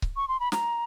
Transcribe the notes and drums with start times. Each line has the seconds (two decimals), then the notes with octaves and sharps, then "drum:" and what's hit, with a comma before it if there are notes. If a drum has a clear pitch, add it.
0.02 drum: kick C#1
0.16 C#6
0.28 C6
0.40 B5
0.52 A#5, drum: snare